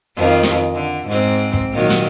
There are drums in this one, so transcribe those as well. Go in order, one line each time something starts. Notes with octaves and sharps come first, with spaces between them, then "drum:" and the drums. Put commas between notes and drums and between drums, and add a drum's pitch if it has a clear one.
F2 D#3 F3
drum: snare
D3
G#2 C4
drum: kick
A#2 D#3 F#3
drum: snare